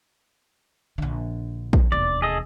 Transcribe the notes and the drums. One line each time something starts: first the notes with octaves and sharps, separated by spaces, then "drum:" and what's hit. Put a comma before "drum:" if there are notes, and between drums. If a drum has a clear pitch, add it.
A#1 D3
drum: kick A#1
E1 D#2 D5
G#4 A4 D#5